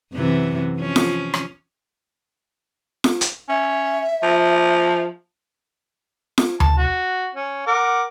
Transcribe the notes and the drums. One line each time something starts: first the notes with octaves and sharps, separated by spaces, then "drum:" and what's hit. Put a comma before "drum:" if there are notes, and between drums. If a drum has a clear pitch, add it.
F#2 C3 E3
F3 C#4
drum: snare F4
drum: rim click
drum: snare F4
drum: hi-hat
C#4 E5
F3
drum: snare F4
A5, drum: tom D2
F#4
C#4
A#4 F#5 D6